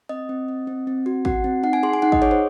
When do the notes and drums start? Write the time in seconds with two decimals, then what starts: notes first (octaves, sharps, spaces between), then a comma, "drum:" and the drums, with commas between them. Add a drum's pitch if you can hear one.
0.09 C4 D#5
0.29 C4
0.48 C4
0.67 C4
0.87 C4
1.06 F#4
1.25 F#4 F#5, drum: kick
1.44 C4
1.63 D#4 F#5
1.73 G#5
1.83 G#4 C6
1.93 G#5
2.02 D#4 F#5
2.12 D#5, drum: kick
2.22 G#4 C#5
2.31 C5